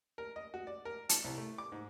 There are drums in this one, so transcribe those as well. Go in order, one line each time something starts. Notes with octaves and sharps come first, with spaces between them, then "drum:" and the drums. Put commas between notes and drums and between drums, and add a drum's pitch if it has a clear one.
A#4
D#5
F#4
D5
A#4
A5, drum: hi-hat
C2
A3
D6
G#2